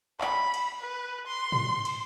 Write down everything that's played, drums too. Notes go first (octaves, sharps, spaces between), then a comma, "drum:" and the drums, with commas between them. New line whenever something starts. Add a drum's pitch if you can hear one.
B5, drum: clap
drum: cymbal
B4
C6
drum: tom
drum: cymbal